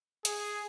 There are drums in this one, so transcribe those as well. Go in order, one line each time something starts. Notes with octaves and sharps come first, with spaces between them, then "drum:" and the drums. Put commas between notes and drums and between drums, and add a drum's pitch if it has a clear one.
G#4, drum: hi-hat